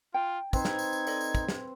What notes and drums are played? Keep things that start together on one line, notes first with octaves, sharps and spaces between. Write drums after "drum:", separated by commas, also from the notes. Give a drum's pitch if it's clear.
F4 G5
C4 D#4 B4 C5 G#6, drum: kick, tambourine
drum: snare
drum: tambourine
drum: tambourine
A4 D5 D#5, drum: tambourine
drum: tambourine
drum: kick, tambourine
drum: snare